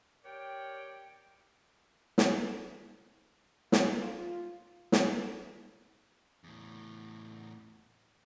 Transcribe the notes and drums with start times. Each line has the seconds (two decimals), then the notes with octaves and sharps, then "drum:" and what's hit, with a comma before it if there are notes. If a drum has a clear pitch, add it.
0.25 G4 A#4 C#5 D5 G5
2.18 drum: snare
3.72 F4, drum: snare
4.92 drum: snare
6.44 E2 A2